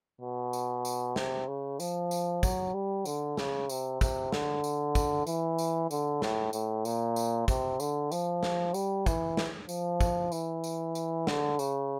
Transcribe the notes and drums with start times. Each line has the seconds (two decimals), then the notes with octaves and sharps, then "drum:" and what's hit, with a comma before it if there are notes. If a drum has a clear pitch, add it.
0.21 B2
0.53 drum: tambourine
0.85 drum: tambourine
1.16 C3, drum: snare
1.48 C#3
1.80 F3, drum: tambourine
2.11 drum: tambourine
2.43 F#3, drum: kick, tambourine
2.74 G3
3.05 D3, drum: tambourine
3.37 C#3, drum: snare
3.69 C3, drum: tambourine
4.01 C3, drum: kick, tambourine
4.32 D3, drum: snare
4.64 drum: tambourine
4.95 drum: kick, tambourine
5.27 E3, drum: tambourine
5.58 drum: tambourine
5.91 D3, drum: tambourine
6.22 A2, drum: snare
6.53 A2, drum: tambourine
6.85 A#2, drum: tambourine
7.16 drum: tambourine
7.48 C3, drum: kick, tambourine
7.80 D3, drum: tambourine
8.12 F3, drum: tambourine
8.43 drum: snare
8.74 G3, drum: tambourine
9.06 E3, drum: kick, tambourine
9.37 drum: snare
9.69 F3, drum: tambourine
10.01 drum: kick, tambourine
10.32 E3, drum: tambourine
10.64 drum: tambourine
10.95 drum: tambourine
11.27 D3, drum: snare
11.59 C#3, drum: tambourine